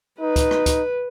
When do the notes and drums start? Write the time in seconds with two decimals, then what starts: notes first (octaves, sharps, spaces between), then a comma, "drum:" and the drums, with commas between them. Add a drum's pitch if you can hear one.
0.21 D#4 B4
0.36 drum: kick, hi-hat
0.51 drum: rim click
0.66 drum: kick, hi-hat